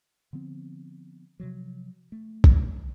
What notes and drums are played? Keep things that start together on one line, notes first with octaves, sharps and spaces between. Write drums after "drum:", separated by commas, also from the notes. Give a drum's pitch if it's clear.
D3 F3 B3 C4
C3 F3 F#3
A3
drum: kick